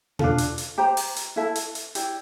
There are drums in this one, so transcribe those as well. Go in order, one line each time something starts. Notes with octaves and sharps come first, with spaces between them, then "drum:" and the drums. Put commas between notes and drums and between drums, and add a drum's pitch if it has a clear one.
D4 F4 A4, drum: tom B2
drum: hi-hat
drum: hi-hat
G4 C5 G5 A#5
drum: open hi-hat
drum: hi-hat
E4 A4 E5 A5
drum: hi-hat
drum: hi-hat
E4 G4 D5, drum: hi-hat